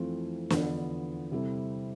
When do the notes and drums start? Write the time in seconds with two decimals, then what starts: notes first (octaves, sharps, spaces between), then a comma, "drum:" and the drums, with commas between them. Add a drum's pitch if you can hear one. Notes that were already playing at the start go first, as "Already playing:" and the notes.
Already playing: F2 E3 A3 C4 F4
0.50 E2 D3 F3 B3, drum: snare
1.31 C3 G3 C4 E4 A4